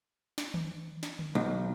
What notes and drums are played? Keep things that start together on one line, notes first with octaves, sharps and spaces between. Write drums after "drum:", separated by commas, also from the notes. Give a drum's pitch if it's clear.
drum: snare
drum: tom D#3
drum: snare
drum: tom D3
B1